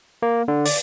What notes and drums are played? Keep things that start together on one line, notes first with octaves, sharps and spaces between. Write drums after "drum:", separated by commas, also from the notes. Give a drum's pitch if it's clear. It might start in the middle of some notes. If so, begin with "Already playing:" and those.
A#3
D3
D5, drum: open hi-hat